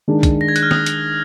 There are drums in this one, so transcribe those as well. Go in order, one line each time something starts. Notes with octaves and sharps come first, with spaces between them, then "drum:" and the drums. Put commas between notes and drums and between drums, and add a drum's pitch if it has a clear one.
D#3 G#3 D4
drum: kick, hi-hat
A#6
G#6
F#6, drum: hi-hat
F6
D#6, drum: snare
drum: hi-hat